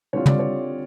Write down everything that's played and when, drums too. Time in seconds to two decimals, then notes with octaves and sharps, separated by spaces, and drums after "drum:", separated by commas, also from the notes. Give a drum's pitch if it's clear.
0.13 D3 G3 C4 F4 C#5
0.26 D5, drum: tom
0.39 C#5